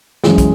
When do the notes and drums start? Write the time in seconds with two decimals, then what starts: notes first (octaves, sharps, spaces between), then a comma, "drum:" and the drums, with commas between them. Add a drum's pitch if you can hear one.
0.24 F#2 E3 G#3, drum: snare
0.38 drum: kick, hi-hat